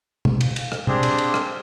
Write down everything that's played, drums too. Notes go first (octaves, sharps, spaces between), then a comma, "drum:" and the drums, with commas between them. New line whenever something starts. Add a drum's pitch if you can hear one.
drum: tom
drum: cymbal
drum: cymbal
drum: rim click
C4 D4 G4 G#4, drum: tom
drum: cymbal
drum: cymbal
drum: rim click